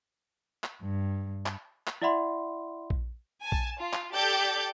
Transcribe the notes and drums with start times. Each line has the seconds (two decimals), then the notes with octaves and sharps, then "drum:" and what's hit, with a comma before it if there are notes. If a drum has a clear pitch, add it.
0.64 drum: clap
0.83 G2
1.46 drum: clap
1.87 drum: clap
2.02 E4 D5 E5 F#5 B5 C6
2.90 drum: kick A#1
3.43 G#5 A5
3.52 drum: kick A#1
3.80 F4
3.93 drum: clap
4.14 G4 A4 D5 G6 A6